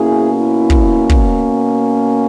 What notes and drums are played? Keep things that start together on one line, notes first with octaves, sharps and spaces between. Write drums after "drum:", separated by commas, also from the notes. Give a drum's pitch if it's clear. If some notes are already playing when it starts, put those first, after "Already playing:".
Already playing: B2 A#3 C#4 E4 G#4
E4
drum: kick
drum: kick